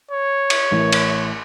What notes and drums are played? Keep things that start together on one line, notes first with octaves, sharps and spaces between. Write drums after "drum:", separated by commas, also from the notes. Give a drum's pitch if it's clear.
C#5
drum: cymbal
A1 E4 A#4
drum: cymbal